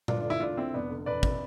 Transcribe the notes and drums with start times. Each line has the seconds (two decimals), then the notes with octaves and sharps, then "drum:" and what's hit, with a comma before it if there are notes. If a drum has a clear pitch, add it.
0.08 G1 D4 F4, drum: tom A#2
0.21 D3 D4
0.30 E4
0.40 E1 D4 F4
0.57 D3 C4 E4
0.74 F1 B3 D4
0.90 D3
1.06 E1 B4 D5
1.23 C3, drum: kick